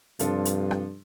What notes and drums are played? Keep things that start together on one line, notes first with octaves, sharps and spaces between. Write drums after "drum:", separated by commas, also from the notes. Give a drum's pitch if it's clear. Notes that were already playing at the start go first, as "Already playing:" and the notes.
G2 C3 F3 D4 F4 A4, drum: hi-hat
drum: hi-hat
drum: rim click